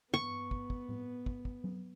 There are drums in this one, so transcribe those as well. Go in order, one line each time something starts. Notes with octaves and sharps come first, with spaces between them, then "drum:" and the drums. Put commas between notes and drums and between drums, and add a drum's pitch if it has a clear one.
B3 C#6, drum: tom G2
drum: kick
drum: kick
drum: tom A2
drum: kick
drum: kick
drum: tom F#3